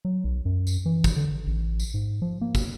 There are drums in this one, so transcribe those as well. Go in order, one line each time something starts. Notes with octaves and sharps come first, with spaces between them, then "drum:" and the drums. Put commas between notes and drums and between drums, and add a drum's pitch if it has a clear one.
F#3
B1
F#2
drum: tambourine
E3
drum: kick, tambourine
D3
A1
drum: tambourine
G#2
F3
A#3
drum: kick, tambourine